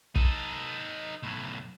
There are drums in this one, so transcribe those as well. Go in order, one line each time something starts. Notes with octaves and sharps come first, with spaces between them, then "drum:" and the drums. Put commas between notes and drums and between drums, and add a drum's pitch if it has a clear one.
D#4 A4, drum: kick
B1 A2